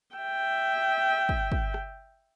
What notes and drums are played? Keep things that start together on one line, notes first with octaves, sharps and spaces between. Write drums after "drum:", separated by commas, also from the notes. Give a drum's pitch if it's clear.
E5 G5
drum: kick
drum: kick
drum: rim click